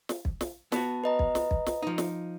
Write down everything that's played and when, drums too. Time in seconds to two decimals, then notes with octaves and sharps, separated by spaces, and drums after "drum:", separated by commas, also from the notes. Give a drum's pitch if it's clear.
0.09 drum: snare
0.25 drum: kick
0.41 drum: snare
0.72 B3 F#4 A5, drum: snare
1.04 B4 D#5 A#5
1.19 drum: kick
1.35 drum: snare
1.51 drum: kick
1.66 drum: snare
1.82 F3 D#4
1.98 drum: snare